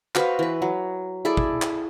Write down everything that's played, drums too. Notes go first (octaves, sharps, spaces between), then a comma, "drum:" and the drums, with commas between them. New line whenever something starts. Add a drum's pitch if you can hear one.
F#4 B4 C5 F5, drum: clap
E3 B4
F#3
E4 G#4 A4 D5
drum: kick
drum: clap